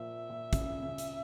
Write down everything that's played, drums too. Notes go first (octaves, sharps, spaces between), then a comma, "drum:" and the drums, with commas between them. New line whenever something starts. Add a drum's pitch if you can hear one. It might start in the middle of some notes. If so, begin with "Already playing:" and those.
Already playing: A#2 F3 E5
A#2
C#3, drum: kick, hi-hat
C#3
drum: hi-hat